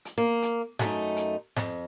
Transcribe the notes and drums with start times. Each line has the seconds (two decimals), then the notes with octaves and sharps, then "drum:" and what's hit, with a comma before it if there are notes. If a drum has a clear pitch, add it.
0.05 drum: hi-hat
0.18 A#3
0.42 drum: hi-hat
0.79 F#2 A3 D#4, drum: snare G#2
1.16 drum: hi-hat
1.56 F2, drum: snare G#2